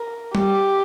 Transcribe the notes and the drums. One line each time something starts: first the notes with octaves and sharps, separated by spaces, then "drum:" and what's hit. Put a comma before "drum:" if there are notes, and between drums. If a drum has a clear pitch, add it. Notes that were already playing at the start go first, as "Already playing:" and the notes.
Already playing: A#4
G4, drum: tom G3